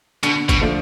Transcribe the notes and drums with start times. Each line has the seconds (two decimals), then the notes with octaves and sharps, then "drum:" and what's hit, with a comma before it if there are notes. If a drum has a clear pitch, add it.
0.23 B2 D3, drum: hi-hat
0.49 B2, drum: kick, hi-hat
0.61 F3 A3 D4